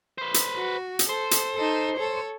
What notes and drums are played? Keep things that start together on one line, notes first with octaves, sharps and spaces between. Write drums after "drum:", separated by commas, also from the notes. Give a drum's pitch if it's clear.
B4 C5
drum: hi-hat
F#4
drum: hi-hat
A4 C5
drum: hi-hat
D#4 A4
A4 C#5